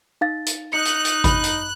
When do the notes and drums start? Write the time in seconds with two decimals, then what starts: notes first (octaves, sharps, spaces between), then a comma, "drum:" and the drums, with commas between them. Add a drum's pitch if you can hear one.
0.21 D#4 F5 A6
0.46 drum: hi-hat
0.73 D#4 F#6 C#7
0.85 drum: hi-hat
1.05 drum: hi-hat
1.24 B5 F#6, drum: kick G#1, hi-hat
1.44 drum: hi-hat